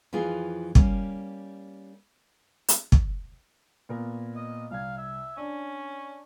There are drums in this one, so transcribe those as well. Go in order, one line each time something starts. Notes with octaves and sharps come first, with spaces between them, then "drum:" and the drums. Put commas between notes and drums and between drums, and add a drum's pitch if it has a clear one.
F2 E3 F4 G#4
G3 A#3 C#4, drum: kick
drum: hi-hat
drum: kick
A#2 B3 A#4
D#5
C2 F5 G#6
E5
C#4 D4